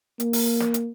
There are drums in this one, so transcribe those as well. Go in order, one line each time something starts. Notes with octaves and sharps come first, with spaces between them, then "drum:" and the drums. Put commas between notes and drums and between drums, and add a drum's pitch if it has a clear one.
A#3, drum: hi-hat
drum: open hi-hat
drum: snare
drum: hi-hat